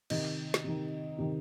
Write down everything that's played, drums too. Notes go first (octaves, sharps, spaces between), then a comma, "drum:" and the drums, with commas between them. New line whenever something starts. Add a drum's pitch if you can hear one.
C3 D#3 D#5, drum: cymbal
drum: snare
C3 D#3
C3 D#3